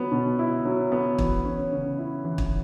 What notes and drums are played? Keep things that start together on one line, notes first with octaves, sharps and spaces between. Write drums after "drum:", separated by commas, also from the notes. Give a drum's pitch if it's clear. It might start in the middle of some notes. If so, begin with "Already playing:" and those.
Already playing: F#3 B3
B2
E4
F#3
B3
E3, drum: kick
C#4
C#3
E4
E3
drum: kick